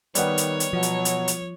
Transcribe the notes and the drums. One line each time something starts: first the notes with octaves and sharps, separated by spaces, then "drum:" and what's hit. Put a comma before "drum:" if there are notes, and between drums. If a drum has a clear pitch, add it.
D#3 G3 B3 C#5 F#5, drum: hi-hat
drum: hi-hat
drum: hi-hat
B2 F3 F#3
drum: hi-hat
drum: hi-hat
drum: hi-hat